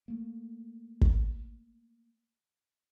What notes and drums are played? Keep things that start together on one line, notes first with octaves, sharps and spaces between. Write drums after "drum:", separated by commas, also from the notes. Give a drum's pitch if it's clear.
A3 A#3
drum: kick